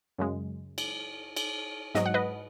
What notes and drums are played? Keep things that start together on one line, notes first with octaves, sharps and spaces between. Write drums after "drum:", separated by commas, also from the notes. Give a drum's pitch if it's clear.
F#2 C#3 G#3
drum: cymbal
drum: cymbal
G#2 F#3 D#5, drum: snare
F#5
B4 D#5